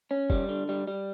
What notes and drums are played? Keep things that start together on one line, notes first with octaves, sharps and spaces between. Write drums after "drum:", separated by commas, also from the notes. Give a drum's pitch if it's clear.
C#4
G3, drum: kick
D3
G3
G3